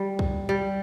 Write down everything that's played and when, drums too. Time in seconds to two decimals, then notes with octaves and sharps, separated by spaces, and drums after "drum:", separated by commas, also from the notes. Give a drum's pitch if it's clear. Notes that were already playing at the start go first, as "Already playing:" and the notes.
Already playing: G3
0.19 drum: kick
0.49 G3